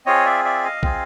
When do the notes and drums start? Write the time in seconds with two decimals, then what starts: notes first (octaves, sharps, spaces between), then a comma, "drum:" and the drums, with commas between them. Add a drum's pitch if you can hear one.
0.06 C4 F4 G#4 C#5 D#5
0.26 D5 E5
0.45 D5 E5
0.64 D#5 F5
0.83 C4 F4 G#4, drum: kick